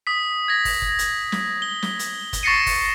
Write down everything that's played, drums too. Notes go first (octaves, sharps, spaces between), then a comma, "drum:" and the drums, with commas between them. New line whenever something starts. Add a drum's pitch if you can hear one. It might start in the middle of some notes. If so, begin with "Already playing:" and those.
D#6 B6
G#6 A#6
drum: kick, open hi-hat
drum: kick
drum: hi-hat
drum: snare
G7
drum: snare
drum: hi-hat
drum: kick, hi-hat
C#6 A6 A#6 C7 C#7 D#7
drum: kick, open hi-hat